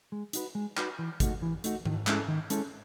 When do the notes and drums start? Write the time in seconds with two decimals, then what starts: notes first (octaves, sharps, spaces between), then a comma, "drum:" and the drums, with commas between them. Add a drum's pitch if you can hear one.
0.12 G#3
0.33 D#4 F#4 B4, drum: hi-hat
0.55 G#3
0.77 D#4 F#4 B4, drum: clap
0.99 E3
1.20 A3 D#4 F#4, drum: kick, hi-hat
1.42 E3
1.64 A3 D#4 F#4, drum: hi-hat
1.85 D#3, drum: tom G#2
2.07 G#3 C#4 E4 A4, drum: clap
2.28 D#3
2.50 G#3 C#4 E4 A4, drum: hi-hat